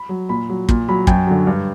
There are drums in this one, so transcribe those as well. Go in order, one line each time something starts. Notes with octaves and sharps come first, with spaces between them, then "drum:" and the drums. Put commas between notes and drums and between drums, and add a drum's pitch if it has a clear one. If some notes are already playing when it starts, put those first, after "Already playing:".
Already playing: B5
F#3
A#2 B5
F#3
A#2, drum: kick
F#3 B5
F#2 G5, drum: kick
D3 F#3
G2